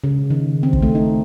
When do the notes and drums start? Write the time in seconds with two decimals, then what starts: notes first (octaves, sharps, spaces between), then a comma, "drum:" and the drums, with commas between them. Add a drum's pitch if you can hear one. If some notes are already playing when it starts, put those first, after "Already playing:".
0.04 C#3
0.30 D#3
0.63 C4
0.73 drum: kick
0.82 A3
0.95 D#4